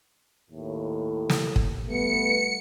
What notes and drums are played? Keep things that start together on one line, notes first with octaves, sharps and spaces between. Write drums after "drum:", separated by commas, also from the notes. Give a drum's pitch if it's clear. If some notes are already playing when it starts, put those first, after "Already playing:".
D#2 A2
drum: snare
drum: kick
G3 A3 B3 C#7